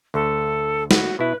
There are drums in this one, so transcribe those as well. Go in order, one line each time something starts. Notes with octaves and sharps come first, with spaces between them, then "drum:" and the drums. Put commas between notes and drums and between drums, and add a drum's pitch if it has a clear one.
D2 A4
F#4, drum: snare
B2 E4 B4